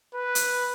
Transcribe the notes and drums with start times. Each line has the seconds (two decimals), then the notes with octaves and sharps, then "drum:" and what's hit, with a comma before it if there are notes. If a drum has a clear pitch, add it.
0.14 B4
0.35 drum: hi-hat